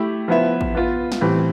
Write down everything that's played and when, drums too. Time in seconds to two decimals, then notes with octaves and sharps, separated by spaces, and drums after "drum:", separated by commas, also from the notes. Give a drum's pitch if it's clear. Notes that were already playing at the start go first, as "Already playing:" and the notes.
Already playing: A3 E4 G4
0.28 F3 B3 E4 B4 E5
0.61 drum: kick A1
0.75 B3 F4 B4
1.12 drum: snare
1.21 A2 E3 G3 C4